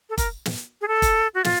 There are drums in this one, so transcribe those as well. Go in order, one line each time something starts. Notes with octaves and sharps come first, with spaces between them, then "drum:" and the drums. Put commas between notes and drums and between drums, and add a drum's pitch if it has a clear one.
A4
A#4, drum: kick, hi-hat
drum: snare
G#4
A4
drum: kick, hi-hat
F#4
F4, drum: snare